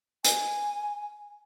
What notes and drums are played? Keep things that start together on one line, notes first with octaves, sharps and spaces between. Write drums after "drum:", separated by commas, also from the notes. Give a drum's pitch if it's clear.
G#5, drum: hi-hat